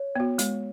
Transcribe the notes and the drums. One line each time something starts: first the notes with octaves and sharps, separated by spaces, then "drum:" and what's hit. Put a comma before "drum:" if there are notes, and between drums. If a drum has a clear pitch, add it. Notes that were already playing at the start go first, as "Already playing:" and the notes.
Already playing: C#5
B3 F#4
G#3, drum: hi-hat